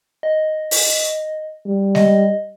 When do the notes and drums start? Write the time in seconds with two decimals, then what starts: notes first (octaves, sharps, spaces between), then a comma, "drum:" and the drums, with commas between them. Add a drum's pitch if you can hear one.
0.23 D#5
0.71 drum: open hi-hat
1.66 G3
1.95 D#5, drum: snare G#3